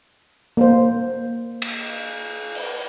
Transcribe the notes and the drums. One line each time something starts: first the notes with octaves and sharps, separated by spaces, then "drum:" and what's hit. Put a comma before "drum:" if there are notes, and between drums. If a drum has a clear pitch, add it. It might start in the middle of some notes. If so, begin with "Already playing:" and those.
A#3 C5
drum: cymbal
drum: open hi-hat